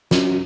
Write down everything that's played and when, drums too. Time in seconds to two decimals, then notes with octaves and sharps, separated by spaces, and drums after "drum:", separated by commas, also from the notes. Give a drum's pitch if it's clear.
0.11 F#2, drum: snare